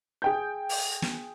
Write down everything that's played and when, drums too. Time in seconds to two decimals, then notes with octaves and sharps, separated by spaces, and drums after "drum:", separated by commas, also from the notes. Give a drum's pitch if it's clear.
0.22 G#4 G5 G6
0.69 drum: open hi-hat
1.02 drum: snare